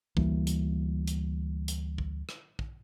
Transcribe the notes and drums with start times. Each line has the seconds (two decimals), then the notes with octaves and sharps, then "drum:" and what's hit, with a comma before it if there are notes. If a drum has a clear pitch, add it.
0.17 D2 E3 G3 A#3, drum: kick
0.47 drum: hi-hat
1.08 drum: hi-hat
1.68 drum: hi-hat
1.98 drum: kick
2.29 drum: rim click
2.59 drum: kick